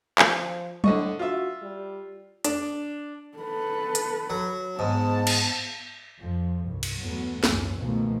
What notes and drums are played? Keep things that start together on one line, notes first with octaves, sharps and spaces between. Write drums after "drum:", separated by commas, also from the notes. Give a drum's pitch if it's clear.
F3, drum: clap
A2 D3 D#5 C#6, drum: tom F#3
F4 F#4 E5
G3
D4, drum: hi-hat
A4 B4
drum: hi-hat
F#3
G#2 B3 A5
drum: cymbal
F2 F3
C2 G2
drum: cymbal
E2 F#3 A3 B3
G#1 C#2 F#2 E3 C#4, drum: snare
C#2 B2 D#3 F3 A3 A#3